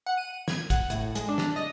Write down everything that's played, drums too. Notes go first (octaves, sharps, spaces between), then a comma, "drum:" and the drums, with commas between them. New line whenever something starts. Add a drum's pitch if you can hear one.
F#5
D#7
G#6, drum: snare
F#5, drum: kick, hi-hat
A2, drum: hi-hat
G#3, drum: hi-hat
D4
drum: snare
D#5